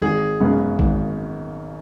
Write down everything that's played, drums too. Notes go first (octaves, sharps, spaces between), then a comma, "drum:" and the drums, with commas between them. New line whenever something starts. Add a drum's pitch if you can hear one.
G#1 G#4
F#2 C#3 G#3 B3
G#1, drum: kick A1